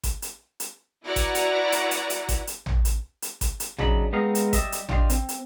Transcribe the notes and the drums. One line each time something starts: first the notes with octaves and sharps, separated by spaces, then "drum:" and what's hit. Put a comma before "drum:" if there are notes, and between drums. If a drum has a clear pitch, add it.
drum: kick G1, hi-hat
drum: hi-hat
drum: hi-hat
E4 F#4 B4 D5 F#5 A#5
drum: kick G1, hi-hat
drum: hi-hat
drum: hi-hat
drum: hi-hat
drum: hi-hat
drum: kick G1, hi-hat
drum: hi-hat
drum: tom
drum: hi-hat
drum: hi-hat
drum: kick G1, hi-hat
drum: hi-hat
C#3 F#3 D4 D#4 B5, drum: tom
G#3 B3 C4 D#4 D#5 F5
drum: hi-hat
G3 D#5 E5, drum: kick G1, hi-hat
drum: hi-hat
D4 F4 G4 D#5 C6, drum: tom
C4, drum: hi-hat
drum: hi-hat